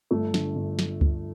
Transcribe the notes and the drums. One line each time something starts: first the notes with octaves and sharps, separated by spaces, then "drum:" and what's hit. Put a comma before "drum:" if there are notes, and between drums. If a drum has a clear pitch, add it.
G1 A3
D3, drum: snare
G1
drum: snare
drum: kick C#2